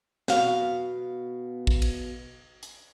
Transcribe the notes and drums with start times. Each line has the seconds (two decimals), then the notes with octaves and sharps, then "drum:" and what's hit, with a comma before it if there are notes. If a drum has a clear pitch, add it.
0.28 B2 F5, drum: snare
1.67 drum: kick A1
1.82 drum: cymbal
2.63 drum: hi-hat